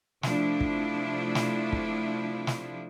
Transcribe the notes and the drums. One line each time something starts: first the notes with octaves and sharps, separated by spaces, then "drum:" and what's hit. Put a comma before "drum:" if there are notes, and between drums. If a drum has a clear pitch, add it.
C3 F3 A3 D4 E4, drum: snare
drum: kick
drum: snare
drum: kick
drum: snare